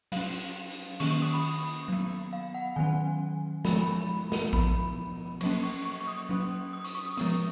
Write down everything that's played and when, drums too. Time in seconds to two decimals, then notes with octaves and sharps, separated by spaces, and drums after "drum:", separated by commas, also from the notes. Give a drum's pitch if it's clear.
0.12 F#3 C#4 F5, drum: cymbal
0.71 drum: hi-hat
1.00 D#3 A#3 C#4 C#6, drum: cymbal
1.11 C#6
1.22 D#6
1.33 B5
1.88 F#3 B3
2.33 F5
2.54 F#5
2.76 D#3 F#3 C#4 G#5
3.65 F3 G#3 B3 B5, drum: snare
3.76 B5
3.86 B5
4.32 drum: snare
4.53 F3 B3 B5, drum: kick A1
5.41 F#3 A#3 C#4 C#6, drum: cymbal
5.63 C#6
5.85 C#6
6.01 C#6
6.07 D#6
6.29 F#3 C#4
6.73 D#6
6.84 C#6, drum: hi-hat
6.95 C#6
7.06 D#6
7.17 F3 G#3 B3 C#6, drum: hi-hat